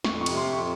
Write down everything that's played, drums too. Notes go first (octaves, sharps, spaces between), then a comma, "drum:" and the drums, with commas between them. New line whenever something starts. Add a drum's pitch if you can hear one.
F2 C#6, drum: snare
C#6
C3, drum: cymbal
C6
F2 C#6